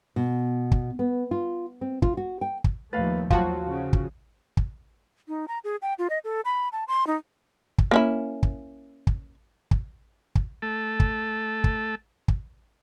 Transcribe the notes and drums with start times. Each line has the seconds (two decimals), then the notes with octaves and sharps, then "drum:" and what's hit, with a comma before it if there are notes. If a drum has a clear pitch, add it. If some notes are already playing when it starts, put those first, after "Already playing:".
0.16 B2
0.72 drum: kick
0.99 B3
1.31 F4
1.81 C4
2.02 F4, drum: kick
2.17 F#4
2.41 G5
2.64 drum: kick
2.93 D#2 F3 A3 B4 F5 A6
3.30 D#2 F3 F#3 F4 F#4 F5 F#5 A5, drum: kick
3.67 C#3
3.93 drum: kick
4.57 drum: kick
5.28 D#4
5.48 A#5
5.64 G#4
5.82 G5
5.99 F4
6.10 D#5
6.24 A4
6.45 B5
6.73 A5
6.88 C6
7.07 D#4
7.78 drum: kick
7.91 A#3 C#4 E4
8.43 drum: kick
9.07 drum: kick
9.71 drum: kick
10.35 drum: kick
10.62 A3 A4
11.00 drum: kick
11.64 drum: kick
12.28 drum: kick